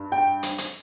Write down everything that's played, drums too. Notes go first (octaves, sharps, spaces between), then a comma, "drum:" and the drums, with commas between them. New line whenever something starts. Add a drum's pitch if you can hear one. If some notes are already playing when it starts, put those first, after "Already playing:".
Already playing: G2
G5
drum: hi-hat
drum: hi-hat